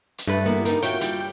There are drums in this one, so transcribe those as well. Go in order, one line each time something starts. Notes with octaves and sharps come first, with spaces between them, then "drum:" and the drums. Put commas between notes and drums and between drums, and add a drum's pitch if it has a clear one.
drum: hi-hat
G2 A3 B4
E3 A#3 B3
G3 D#4 A#4, drum: hi-hat
F4 F#4 C#5 E5 G5, drum: hi-hat
G3, drum: hi-hat